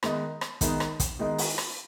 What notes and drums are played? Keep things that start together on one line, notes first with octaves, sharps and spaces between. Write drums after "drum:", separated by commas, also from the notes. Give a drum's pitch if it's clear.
D#3 G#3 B3 D#4, drum: rim click
drum: rim click
D#3 G#3 B3 D#4, drum: kick, hi-hat
drum: rim click
drum: kick, hi-hat
D#3 G#3 B3 D#4
drum: open hi-hat
drum: rim click